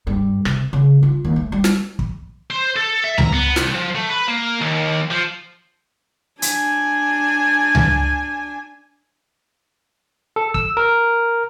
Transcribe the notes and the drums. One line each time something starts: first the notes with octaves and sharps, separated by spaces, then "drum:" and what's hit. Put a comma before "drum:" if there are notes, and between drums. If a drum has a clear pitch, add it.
G2
C3, drum: rim click
C#3
F4
D#2
A3
G3
drum: snare
drum: kick
C5
A4
E5
A#5, drum: tom C#2
B3
C2, drum: snare
F3
A3
B4
A#3
D#2
F3
D4 G#5, drum: hi-hat
drum: tom C#2
A4
E6, drum: kick
A#4